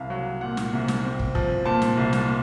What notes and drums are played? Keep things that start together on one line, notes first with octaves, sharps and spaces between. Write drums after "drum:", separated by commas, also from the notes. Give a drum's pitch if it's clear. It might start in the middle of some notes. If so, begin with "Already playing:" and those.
Already playing: C2 F5
F#3
A#2 F#5
drum: snare
C2
drum: snare
C4
drum: kick
F3, drum: kick
A#2 A5
drum: snare
C2
drum: snare